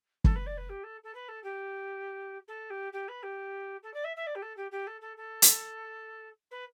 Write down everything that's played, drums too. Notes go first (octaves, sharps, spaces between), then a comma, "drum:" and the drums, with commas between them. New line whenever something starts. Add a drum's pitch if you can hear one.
A4, drum: kick
B4
D5
B4
G4
A4
A4
B4
A4
G4
A4
G4
G4
B4
G4
A4
D5
E5
E5
D5
G4
A4
G4
G4
A4
A4
A4
drum: hi-hat
B4